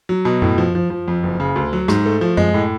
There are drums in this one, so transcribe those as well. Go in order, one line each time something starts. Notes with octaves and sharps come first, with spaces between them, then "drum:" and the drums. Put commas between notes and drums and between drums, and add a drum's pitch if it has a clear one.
F#3
B2
A2, drum: tom F#2
F3
F3
F3
F2
F#1
C#3
D2
F#3
G#2, drum: rim click
A3
F3
G#3, drum: tom F#2
A2